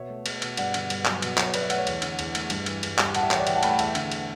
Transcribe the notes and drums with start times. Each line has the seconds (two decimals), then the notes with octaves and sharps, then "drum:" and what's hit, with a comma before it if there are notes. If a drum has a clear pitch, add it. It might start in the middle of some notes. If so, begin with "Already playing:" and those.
Already playing: B2 C#5 E5
0.10 A3
0.26 A3, drum: cymbal
0.42 B2, drum: cymbal
0.57 G2 D5 F#5, drum: cymbal
0.74 D3, drum: cymbal
0.90 G2, drum: cymbal
1.05 F#3, drum: clap
1.22 B2, drum: cymbal
1.38 F#3 C#5, drum: clap
1.54 B2 B4 D5, drum: cymbal
1.62 C#5 E5
1.70 A3 D5 F#5, drum: cymbal
1.78 C#5
1.87 E2, drum: cymbal
2.02 D3, drum: cymbal
2.19 E2, drum: cymbal
2.35 A3, drum: cymbal
2.50 G2, drum: cymbal
2.66 E3, drum: cymbal
2.83 G2, drum: cymbal
2.98 G3, drum: clap
3.15 A2 F#5 A5, drum: cymbal
3.23 E5 G5
3.31 E3 C#5, drum: clap
3.39 D5 F#5
3.47 A2 E5 G5, drum: cymbal
3.55 F#5 A5
3.63 A3 G5 B5, drum: cymbal
3.71 F#5 A5
3.79 E2 E5 G5, drum: cymbal
3.95 D3, drum: cymbal
4.12 drum: cymbal